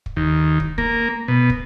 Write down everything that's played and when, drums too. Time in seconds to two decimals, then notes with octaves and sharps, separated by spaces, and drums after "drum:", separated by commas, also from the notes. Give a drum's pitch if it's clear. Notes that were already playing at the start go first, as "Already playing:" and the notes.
0.06 drum: kick
0.17 D#2
0.60 drum: kick
0.78 A#3, drum: kick
1.28 B2
1.50 drum: kick